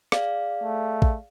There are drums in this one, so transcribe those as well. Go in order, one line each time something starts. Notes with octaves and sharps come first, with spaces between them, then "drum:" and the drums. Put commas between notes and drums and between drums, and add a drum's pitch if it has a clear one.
G#4 D5 F5, drum: rim click
A3
drum: kick